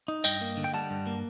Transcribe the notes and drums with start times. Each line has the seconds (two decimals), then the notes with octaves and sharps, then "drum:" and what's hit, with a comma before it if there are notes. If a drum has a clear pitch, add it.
0.08 D#4
0.24 G2 D#5 G5, drum: tambourine
0.41 A#3
0.57 D3
0.64 G5
0.73 G3 F#5 A5
0.90 G2
1.07 A#3